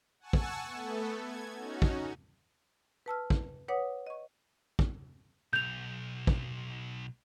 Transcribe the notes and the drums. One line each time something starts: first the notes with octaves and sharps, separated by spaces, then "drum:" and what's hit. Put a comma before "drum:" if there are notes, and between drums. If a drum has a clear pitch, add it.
F#5 G#5 A5 C#6 E6
drum: kick
A3 B3 A4
G#6
C#4 D#4 F#4
drum: kick
B4 A5 E6 F6
drum: kick
B4 C#5 F#5 D6 D#6
D#5 C#6
drum: kick
B1 G6 F7
drum: kick